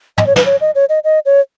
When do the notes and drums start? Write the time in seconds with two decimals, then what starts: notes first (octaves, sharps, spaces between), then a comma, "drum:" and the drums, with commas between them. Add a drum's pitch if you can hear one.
0.18 D#5, drum: tom
0.27 C#5
0.36 B4, drum: snare
0.45 C#5
0.61 D#5
0.75 C#5
0.89 D#5
1.04 D#5
1.26 C#5